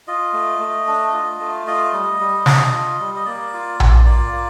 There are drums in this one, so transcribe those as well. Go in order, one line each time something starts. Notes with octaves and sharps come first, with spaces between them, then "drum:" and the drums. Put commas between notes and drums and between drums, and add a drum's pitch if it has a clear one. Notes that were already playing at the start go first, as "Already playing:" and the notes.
F4 D#5
A3
A3
D4
F4
A3
F4 D#5
G3
G3
D4, drum: snare
F4
G3
D#5
A#3 D5
F4
A#3, drum: tom A#1
F4 D5
A#3